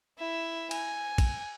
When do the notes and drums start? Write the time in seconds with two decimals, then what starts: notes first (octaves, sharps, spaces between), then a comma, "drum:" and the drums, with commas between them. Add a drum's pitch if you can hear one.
0.19 E4 E5
0.71 G#5, drum: cymbal
1.18 drum: kick, cymbal